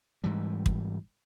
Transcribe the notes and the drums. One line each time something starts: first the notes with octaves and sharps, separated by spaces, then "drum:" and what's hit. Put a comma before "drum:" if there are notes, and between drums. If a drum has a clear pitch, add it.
G#2 E3 G3
drum: kick